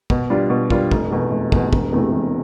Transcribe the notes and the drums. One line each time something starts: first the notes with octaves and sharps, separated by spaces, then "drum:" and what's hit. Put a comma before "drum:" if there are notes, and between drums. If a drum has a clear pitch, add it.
B2, drum: kick
G3 D4 F4
B2
G3 D4 F4, drum: kick
F1, drum: kick
E2 B2
F1
E2 B2, drum: kick
E1, drum: kick
E2 C3 E3 A3
E1